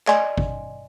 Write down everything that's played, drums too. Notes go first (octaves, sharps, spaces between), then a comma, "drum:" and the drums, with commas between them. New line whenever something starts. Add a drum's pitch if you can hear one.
D5 D#5 G#5 C6, drum: clap
drum: kick G#1